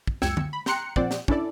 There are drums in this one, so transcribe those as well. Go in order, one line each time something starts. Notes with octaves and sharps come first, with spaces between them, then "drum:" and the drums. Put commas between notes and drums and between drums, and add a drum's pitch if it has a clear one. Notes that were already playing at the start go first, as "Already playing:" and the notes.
drum: kick
C#2 F#2 G5 E6 G#6 C#7, drum: snare
drum: tom D3
B5
G5 A#5 C6 F#6 C#7, drum: snare
A#2 F3 C4 C5 D5 F#5, drum: kick
drum: snare
C#4 D4 E4 A4 D5, drum: kick